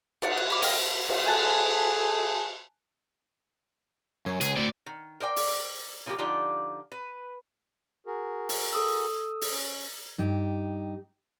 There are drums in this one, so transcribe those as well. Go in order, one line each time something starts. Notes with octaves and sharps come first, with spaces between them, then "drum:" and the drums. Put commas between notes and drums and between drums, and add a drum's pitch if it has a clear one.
D#4 D5 F#5, drum: cymbal
F#6
B5 D6
A#4 D#5 F5 G5, drum: open hi-hat
drum: cymbal
G#4 A4 G#5 A5 F#6
F#2 C#5
C#2 G#4, drum: hi-hat
D2 A2 D3 C4 D5
D#3
A#4 C5 D5 G5
drum: open hi-hat
C#3 F3 A#3 F4 G4
D3 F3 D#4 F4 G4 D5
B4
F#4 G#4 A#4
drum: open hi-hat
A4 D#6 E6
drum: open hi-hat
C#4
G2 D#4 G4